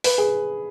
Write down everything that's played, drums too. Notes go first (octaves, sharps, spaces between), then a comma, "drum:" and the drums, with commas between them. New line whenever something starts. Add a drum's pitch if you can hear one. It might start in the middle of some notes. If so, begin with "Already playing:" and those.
B4, drum: open hi-hat
G#4